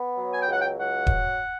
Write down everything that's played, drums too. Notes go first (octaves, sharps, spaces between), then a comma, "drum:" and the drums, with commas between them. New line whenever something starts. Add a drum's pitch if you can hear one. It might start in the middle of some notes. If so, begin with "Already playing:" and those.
Already playing: B3
F#3
G#5
G5
C#2 F#5
G5
F#3 F#5
drum: kick D#1